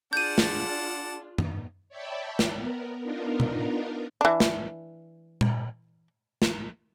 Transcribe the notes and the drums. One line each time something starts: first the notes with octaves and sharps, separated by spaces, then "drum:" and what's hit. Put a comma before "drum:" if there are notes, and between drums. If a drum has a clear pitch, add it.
D4 F4 G#4 D5 F#5 A5 G6 D#7
drum: snare
drum: tom F#2
C#5 D5 E5 G5 A5 B5
drum: snare
B3 A#4
B3 D4 D#4 F4 A#4
drum: tom B2
E3 D4
drum: snare
drum: tom A#2
drum: snare